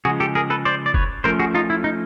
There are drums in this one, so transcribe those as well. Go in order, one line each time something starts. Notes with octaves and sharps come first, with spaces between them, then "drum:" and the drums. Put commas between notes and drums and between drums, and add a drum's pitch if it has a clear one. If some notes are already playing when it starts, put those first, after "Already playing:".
C#3 F3 G#3 F#4 G#4
G4 A4
G#4 A#4
A4 B4
C5 D5
D5
B4 C#5, drum: kick F1
F3 A3 C#4 A#4 C5
F#4 G#4
D#4 F4
E4
D#4